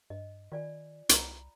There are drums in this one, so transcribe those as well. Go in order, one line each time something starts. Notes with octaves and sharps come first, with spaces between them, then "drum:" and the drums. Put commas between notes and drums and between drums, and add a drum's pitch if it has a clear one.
G2 D#5
D#3 F4 D5 G#5
C2 A#5 B5, drum: hi-hat